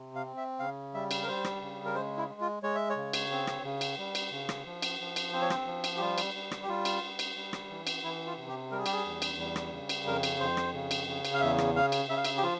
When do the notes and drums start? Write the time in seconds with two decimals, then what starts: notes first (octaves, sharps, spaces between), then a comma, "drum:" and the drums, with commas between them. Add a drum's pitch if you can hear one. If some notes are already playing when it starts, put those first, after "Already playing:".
Already playing: C3
0.16 F5
0.26 C4
0.37 E5
0.59 C#3 F5
0.94 G3 E5
1.11 drum: cymbal
1.23 A#4
1.28 G3 C5
1.44 drum: rim click
1.61 C#3
1.85 A#4
1.95 G#3 C5
2.17 E4
2.30 G#3
2.41 F4
2.63 G#3 C#5
2.75 E5
2.90 C#5
2.96 C#3
3.13 drum: cymbal
3.31 C4
3.47 drum: rim click
3.64 C#3
3.81 drum: cymbal
3.98 G3
4.15 drum: cymbal
4.31 C#3
4.49 drum: rim click
4.66 F3
4.82 drum: cymbal
5.00 F3
5.16 drum: cymbal
5.33 C4 C5
5.41 C#5
5.50 C5, drum: rim click
5.67 F3
5.84 drum: cymbal
5.97 G4
6.00 G3 F4
6.18 drum: cymbal
6.34 G3
6.51 drum: rim click
6.62 G4
6.68 G3 F4
6.85 drum: cymbal
7.03 G3
7.19 drum: cymbal
7.36 G3
7.53 drum: rim click
7.70 E3
7.87 drum: cymbal
8.03 E3 E4
8.26 F4
8.38 C3
8.48 G4
8.71 G3 A#4
8.78 G#4
8.86 G4, drum: cymbal
8.92 G#4
9.05 E2
9.22 drum: cymbal
9.39 G3
9.56 drum: rim click
9.72 C#3
9.89 drum: cymbal
10.06 F2 A#4
10.23 drum: cymbal
10.40 F2 C5
10.57 drum: rim click
10.73 C#3
10.91 drum: cymbal
11.08 C#3
11.25 drum: cymbal
11.34 F5
11.41 E2 E5
11.58 drum: rim click
11.75 C#3 F5
11.92 drum: cymbal
12.09 C#3 E5
12.17 F5
12.25 E5, drum: cymbal
12.37 G4
12.43 F3 F4